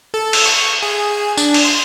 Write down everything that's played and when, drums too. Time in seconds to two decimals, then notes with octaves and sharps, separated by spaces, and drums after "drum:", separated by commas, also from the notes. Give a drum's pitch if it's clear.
0.14 A4
0.33 drum: cymbal
0.46 C#6
0.83 G#4
1.37 D4, drum: tambourine
1.54 drum: cymbal
1.64 C6